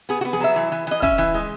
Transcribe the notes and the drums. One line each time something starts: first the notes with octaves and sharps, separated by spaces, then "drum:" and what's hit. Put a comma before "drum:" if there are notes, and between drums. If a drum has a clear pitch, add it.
B3 G#4
F#4
B3
G#4, drum: snare
F#3 E5
E3
E3
E3 D#5
C#4 E5, drum: kick
E3
G#3